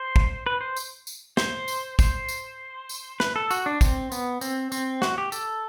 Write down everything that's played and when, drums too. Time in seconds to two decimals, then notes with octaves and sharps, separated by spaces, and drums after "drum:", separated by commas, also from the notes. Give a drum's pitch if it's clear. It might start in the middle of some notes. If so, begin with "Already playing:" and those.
Already playing: C5
0.16 drum: kick
0.46 B4
0.61 C5
0.76 drum: tambourine
1.07 drum: tambourine
1.37 C5, drum: snare
1.68 drum: tambourine
1.99 C5, drum: kick, tambourine
2.29 drum: tambourine
2.89 drum: tambourine
3.20 B4, drum: snare
3.36 A4
3.51 F#4, drum: tambourine
3.66 D4
3.81 C4, drum: kick, tambourine
4.12 B3, drum: tambourine
4.41 C4, drum: tambourine
4.72 C4, drum: tambourine
5.02 F#4, drum: snare
5.18 G4
5.32 A4, drum: tambourine